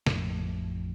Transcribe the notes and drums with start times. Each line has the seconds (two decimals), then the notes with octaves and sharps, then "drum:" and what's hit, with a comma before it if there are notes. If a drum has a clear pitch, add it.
0.07 A1 F2 A2, drum: snare